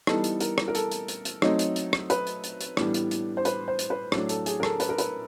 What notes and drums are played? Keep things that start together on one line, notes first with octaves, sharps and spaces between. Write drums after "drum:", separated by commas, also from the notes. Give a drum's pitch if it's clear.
E3 G3 B3 D#4 A4, drum: rim click
drum: hi-hat
A#4, drum: hi-hat
drum: rim click
A#4
A4, drum: hi-hat
drum: hi-hat
drum: hi-hat
drum: hi-hat
F#3 A3 C4 D#4, drum: rim click
drum: hi-hat
drum: hi-hat
drum: rim click
B4, drum: hi-hat
drum: hi-hat
drum: hi-hat
drum: hi-hat
A2 E3 G3 B3 D4, drum: rim click
drum: hi-hat
drum: hi-hat
C5
B4, drum: hi-hat
C5
drum: hi-hat
B4
A2 F#3 A3 D4 A4, drum: rim click
A4, drum: hi-hat
G#4, drum: hi-hat
A#4
A4, drum: rim click
B4, drum: hi-hat
A#4
B4, drum: hi-hat